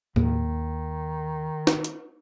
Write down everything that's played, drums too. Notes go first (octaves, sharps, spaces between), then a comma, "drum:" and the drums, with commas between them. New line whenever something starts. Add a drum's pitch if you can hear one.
D#2 D#3 A#3, drum: tom A2
drum: snare
drum: hi-hat